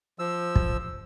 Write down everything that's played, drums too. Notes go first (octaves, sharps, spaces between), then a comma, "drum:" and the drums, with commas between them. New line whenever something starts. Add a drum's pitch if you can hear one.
F3 E6
drum: kick